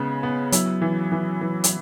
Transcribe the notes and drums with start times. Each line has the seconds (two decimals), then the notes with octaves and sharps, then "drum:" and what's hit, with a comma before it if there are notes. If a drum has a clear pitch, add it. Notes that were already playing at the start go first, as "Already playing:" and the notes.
Already playing: C#3 G#3 B3
0.23 B3
0.52 F#3 E4, drum: hi-hat
0.82 E3
1.12 E3
1.41 E3
1.64 drum: hi-hat